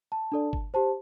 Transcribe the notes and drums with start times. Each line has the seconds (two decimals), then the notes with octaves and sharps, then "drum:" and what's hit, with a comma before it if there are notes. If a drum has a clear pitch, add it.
0.12 A5
0.32 D4 A4 D5
0.53 drum: kick G1
0.74 G4 C5 A5